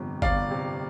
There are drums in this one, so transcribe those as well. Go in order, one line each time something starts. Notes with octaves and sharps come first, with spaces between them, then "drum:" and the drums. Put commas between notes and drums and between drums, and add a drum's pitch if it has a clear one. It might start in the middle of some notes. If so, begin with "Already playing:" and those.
Already playing: G1 F2 C3
G1 D5 F5, drum: kick G1
C3